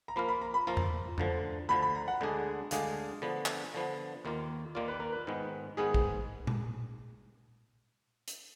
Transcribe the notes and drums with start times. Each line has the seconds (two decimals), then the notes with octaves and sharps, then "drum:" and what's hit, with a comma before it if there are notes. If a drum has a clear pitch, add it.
0.08 A#5
0.16 F3 A#3 F4 A#4 B5
0.28 B5
0.41 A#5
0.54 B5
0.67 F3 A#3 F4 A#4 A#5
0.77 drum: tom F2
1.18 D2 D3 F3, drum: tom F2
1.69 D2 D3 F3 B5
1.82 B5
1.95 A#5
2.08 F#5
2.21 D2 D3 G#3 D4 G#4
2.71 D2 D3 G#3 D4 G#4 F5, drum: hi-hat
3.22 D3 F3 B3
3.46 drum: clap
3.74 D3 F3 B3
4.25 D#2 D#3 A#3 F4
4.75 D#2 D#3 A#3 F4 D5
4.88 B4
5.00 A#4
5.12 B4
5.27 G#2 D#3 G#3 B3
5.77 G#2 D#3 G#3 B3 G#4
5.94 drum: kick A#1
6.47 drum: tom A#2
8.28 drum: hi-hat